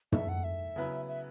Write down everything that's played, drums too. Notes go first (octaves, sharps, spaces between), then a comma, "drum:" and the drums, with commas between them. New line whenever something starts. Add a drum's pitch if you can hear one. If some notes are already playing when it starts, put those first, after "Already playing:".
D#3 A3 E4 A4 E5, drum: tom
F#5
E5
C#3 F#3 B3 E4 B4
E5